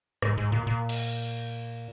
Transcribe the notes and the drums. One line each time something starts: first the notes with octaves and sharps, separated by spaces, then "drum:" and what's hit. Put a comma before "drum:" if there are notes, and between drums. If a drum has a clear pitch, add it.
G#2, drum: rim click
G#2
A#2
A#2
drum: cymbal